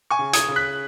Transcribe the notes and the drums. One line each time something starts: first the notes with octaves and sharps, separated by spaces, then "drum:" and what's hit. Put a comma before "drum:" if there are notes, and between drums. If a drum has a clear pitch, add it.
G#5 C#6
C#3
D#6 G#6, drum: hi-hat
C#3
F#6 B6